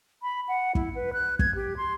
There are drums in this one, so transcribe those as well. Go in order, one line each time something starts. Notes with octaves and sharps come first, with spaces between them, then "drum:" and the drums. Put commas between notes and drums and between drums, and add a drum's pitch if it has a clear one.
B5
F#5
E4, drum: kick
B4
F#6
G#6, drum: kick
G4
C6